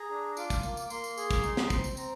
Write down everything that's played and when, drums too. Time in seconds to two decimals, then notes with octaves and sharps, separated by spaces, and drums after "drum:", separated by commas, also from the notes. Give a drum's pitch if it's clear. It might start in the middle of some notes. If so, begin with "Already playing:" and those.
Already playing: G#4 A#5
0.10 D4
0.37 F4 D6, drum: tambourine
0.50 drum: kick, tambourine
0.63 A#3, drum: tambourine
0.77 drum: tambourine
0.90 A#3 C6, drum: tambourine
1.04 drum: tambourine
1.18 G#4, drum: tambourine
1.31 drum: kick, tambourine
1.43 D#4, drum: tambourine
1.57 drum: snare
1.70 C4, drum: kick, tambourine
1.84 drum: tambourine
1.97 C4 A#5, drum: tambourine